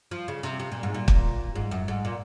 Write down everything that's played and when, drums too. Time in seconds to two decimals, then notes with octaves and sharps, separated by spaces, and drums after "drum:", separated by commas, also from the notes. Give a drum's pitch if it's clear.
0.11 F3
0.28 C#3
0.43 C3
0.60 C3
0.72 A#2
0.83 G#2
0.94 A#2
1.08 drum: kick
1.56 G#2
1.71 F#2
1.88 G#2
2.05 A#2